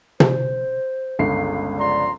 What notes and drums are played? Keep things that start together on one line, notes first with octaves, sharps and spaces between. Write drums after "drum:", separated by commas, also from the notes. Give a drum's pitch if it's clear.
C5, drum: tom
G1 C#2 C7
F3 D5 A#5 C6